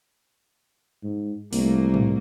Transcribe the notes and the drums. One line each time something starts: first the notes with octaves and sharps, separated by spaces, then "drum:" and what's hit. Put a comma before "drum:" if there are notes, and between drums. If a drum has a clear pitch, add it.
G#2
C2 A3 A#3, drum: open hi-hat
drum: tom